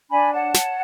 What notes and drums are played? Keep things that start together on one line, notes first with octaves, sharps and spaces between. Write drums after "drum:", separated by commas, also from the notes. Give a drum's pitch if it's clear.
D4 G#5 B5
C#5 F#5 A5
C#5, drum: snare